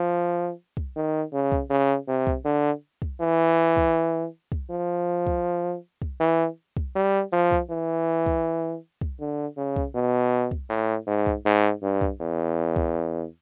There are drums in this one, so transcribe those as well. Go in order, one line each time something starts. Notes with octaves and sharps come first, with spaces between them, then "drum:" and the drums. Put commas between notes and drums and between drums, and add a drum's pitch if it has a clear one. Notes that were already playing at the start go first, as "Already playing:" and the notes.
Already playing: F3
drum: kick
D#3
C#3
drum: kick
C#3
C3
drum: kick
D3
drum: kick
E3
drum: kick
drum: kick
F3
drum: kick
drum: kick
E3
drum: kick
G3
F3
drum: kick
E3
drum: kick
drum: kick
D3
C#3
drum: kick
B2
drum: kick
A2
G#2
drum: kick
G#2
G2
drum: kick
E2
drum: kick